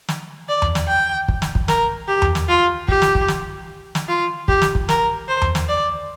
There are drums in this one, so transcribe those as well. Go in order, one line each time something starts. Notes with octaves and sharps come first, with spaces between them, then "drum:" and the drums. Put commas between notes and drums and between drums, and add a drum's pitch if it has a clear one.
drum: snare
D5
drum: tom E2
drum: snare
G5
drum: kick
drum: snare
drum: kick
A#4, drum: snare
G4
drum: tom E2
drum: snare
F4
G4, drum: kick
drum: snare
drum: kick
drum: snare
drum: snare
F4
G4, drum: kick
drum: snare
drum: kick
A#4, drum: snare
C5
drum: tom E2
drum: snare
D5